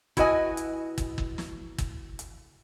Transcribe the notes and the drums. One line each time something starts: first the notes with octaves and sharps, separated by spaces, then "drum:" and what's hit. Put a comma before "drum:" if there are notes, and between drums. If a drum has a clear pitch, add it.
E4 F#4 B4 D#5 G#5, drum: kick, hi-hat
drum: hi-hat
drum: kick, hi-hat
drum: kick
drum: snare
drum: kick, hi-hat
drum: hi-hat